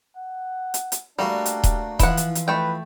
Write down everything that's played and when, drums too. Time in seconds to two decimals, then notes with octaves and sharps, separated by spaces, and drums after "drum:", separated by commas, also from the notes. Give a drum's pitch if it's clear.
0.17 F#5
0.74 drum: hi-hat
0.92 drum: hi-hat
1.19 G3 A3 A#3 D4 F#4
1.46 drum: hi-hat
1.63 drum: kick D#1, hi-hat
1.99 E3 F3 E4 F#5, drum: kick D#1, hi-hat
2.17 drum: hi-hat
2.35 drum: hi-hat
2.48 A3 B4 G5